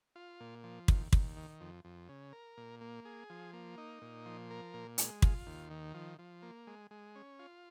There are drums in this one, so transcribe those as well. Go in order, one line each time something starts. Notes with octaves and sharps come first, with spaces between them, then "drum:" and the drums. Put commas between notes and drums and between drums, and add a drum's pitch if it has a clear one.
F4
A#2
F3
D#2, drum: kick
D#2, drum: kick
D#3
F2
F2
C#3
A#4
A#2
A#3
G#4
F3
A#3
D#4
A#2
F3
A#4
A#2
G#3, drum: hi-hat
F4, drum: kick
D#2
D#3
F3
F3
A#3
G#3
G#3
C#4
F4